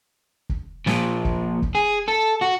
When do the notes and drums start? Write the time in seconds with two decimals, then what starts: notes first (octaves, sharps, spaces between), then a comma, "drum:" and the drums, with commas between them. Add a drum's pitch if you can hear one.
0.49 drum: kick
0.87 A#2 F3, drum: snare
1.25 drum: kick
1.62 drum: kick
1.75 G#4
2.08 A4
2.42 F#4